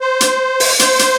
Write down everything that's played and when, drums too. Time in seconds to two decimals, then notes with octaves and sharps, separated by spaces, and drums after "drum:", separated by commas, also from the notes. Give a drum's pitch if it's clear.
0.01 C5
0.21 drum: hi-hat
0.60 drum: open hi-hat
0.79 C5, drum: hi-hat
0.99 drum: hi-hat